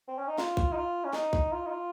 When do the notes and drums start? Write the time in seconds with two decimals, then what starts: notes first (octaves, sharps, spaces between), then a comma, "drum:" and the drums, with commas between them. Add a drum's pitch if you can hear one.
0.08 C4
0.18 C#4
0.28 D#4
0.38 F4, drum: snare
0.57 drum: kick
0.72 D#4
0.76 F4
1.04 C#4
1.13 D#4, drum: snare
1.33 drum: kick
1.52 F4
1.66 D#4
1.70 F4